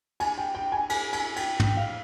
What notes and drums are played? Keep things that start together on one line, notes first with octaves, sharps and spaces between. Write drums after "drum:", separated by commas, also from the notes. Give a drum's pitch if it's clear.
G#5, drum: cymbal
G5
G5
G#5
G#5, drum: cymbal
G#5, drum: cymbal
G5, drum: cymbal
G5, drum: tom
F5